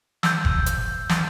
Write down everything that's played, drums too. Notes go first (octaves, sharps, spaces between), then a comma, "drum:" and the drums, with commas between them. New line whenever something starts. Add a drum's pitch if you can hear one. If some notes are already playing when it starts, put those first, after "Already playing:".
E6 G6, drum: snare
drum: kick F#1
drum: hi-hat
drum: snare